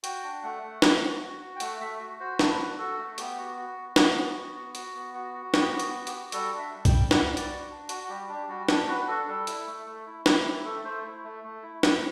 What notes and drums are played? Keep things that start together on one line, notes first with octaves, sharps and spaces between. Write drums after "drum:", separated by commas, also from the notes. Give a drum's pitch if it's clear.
F#4 G5, drum: hi-hat
D4
A3 F#5
A3
A3, drum: snare
F#4
F#4
F#4
G5
A3 F#5, drum: hi-hat
A3 E5
F#4
F#4 C5
D4 B4, drum: snare
F#4
F#4 A4
A3
B3 G4, drum: hi-hat
F#4
F#4
B3
B3 F#4, drum: snare
F#4
B3
F#4
F#4, drum: hi-hat
B3
F#4
F#4
B3 G4, drum: snare
B3
F#4, drum: hi-hat
F#4
G4, drum: hi-hat
F#4
G3 A4, drum: hi-hat
D4
E5
G3
G5, drum: kick B1, hi-hat
G3
G3 F#5, drum: snare
G3
D5, drum: hi-hat
F#4
D4
F#4, drum: hi-hat
F#4
G3 G4
D4 G4
G3 F#4
D4 G4, drum: snare
F#4 B4
D4 A4
G3 A4
E4, drum: hi-hat
A3
A3
E4
E4 G4, drum: snare
E4 G4
A3 A4
A3 C5
E4
A3
A3
E4
E4, drum: snare